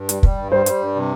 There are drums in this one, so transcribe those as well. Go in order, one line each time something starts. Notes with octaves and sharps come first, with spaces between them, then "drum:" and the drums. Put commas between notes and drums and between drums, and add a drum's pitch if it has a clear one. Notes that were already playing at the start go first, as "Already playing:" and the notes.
Already playing: G2
G3, drum: hi-hat
G3, drum: kick
G2
G3 C5
G3, drum: hi-hat
G2
C3